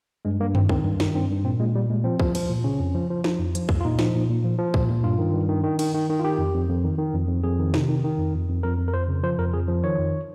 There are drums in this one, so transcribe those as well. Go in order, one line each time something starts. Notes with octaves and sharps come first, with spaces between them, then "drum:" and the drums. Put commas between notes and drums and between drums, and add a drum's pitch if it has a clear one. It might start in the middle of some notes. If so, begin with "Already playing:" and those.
G2 G#3
G2 A#3
D#3 C4, drum: tom F#2
D#3 C4, drum: kick C2
G2
D#3, drum: snare
G2 C4
G2
A#2 C4
A#2 G#3
A#2 G3
A#2 G#3
F3 C4
F3, drum: kick C2
F3, drum: cymbal
A#2
C#3 C#4
F2
F3
F3
F3, drum: snare
F2
F3, drum: hi-hat
F2, drum: kick C2
F4
A#2 D#4
F3, drum: snare
A#2
A#2
F3
F3
A#2, drum: kick C2
A#2
G2 F4
D#3
G2
D#3
D#3
D#3, drum: cymbal
D#3
D#3
F4
D#3 G4
F2
F2
F2
D#3
D#3
F2
F2
F2 G#4
D#3
C3, drum: snare
D#3
D#3
F2
F2
F2
F2 A#4
F2
A#4
F2 C5
C#3
F3 C5
F2 A#4
F2 G#4
F3
D#3 C#5
F2